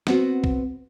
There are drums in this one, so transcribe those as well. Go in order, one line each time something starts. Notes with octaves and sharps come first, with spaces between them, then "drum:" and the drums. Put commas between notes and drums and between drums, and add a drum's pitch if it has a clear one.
B3 C4 F#4, drum: snare
drum: kick